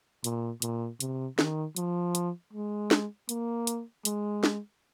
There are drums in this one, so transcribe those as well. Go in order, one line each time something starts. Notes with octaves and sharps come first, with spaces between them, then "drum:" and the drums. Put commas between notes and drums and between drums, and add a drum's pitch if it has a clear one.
A#2, drum: hi-hat
A#2, drum: hi-hat
C3, drum: hi-hat
D#3, drum: snare
F3, drum: hi-hat
drum: hi-hat
G#3
drum: snare
A#3, drum: hi-hat
drum: hi-hat
G#3, drum: hi-hat
drum: snare